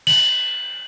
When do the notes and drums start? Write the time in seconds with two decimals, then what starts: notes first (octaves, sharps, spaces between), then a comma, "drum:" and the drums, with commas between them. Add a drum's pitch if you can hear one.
0.07 F#7, drum: cymbal